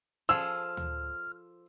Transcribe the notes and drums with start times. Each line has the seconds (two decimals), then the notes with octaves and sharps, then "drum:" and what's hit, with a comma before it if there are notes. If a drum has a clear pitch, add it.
0.29 F3 G#4 A4 E6 F6
0.77 drum: tom D2